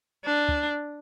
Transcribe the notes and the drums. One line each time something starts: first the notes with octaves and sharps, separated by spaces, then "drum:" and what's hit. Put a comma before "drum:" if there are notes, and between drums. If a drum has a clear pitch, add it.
D4
drum: kick